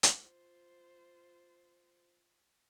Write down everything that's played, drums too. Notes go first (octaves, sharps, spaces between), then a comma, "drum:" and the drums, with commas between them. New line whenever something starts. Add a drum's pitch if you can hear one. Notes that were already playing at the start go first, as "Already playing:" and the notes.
drum: hi-hat
F4 C5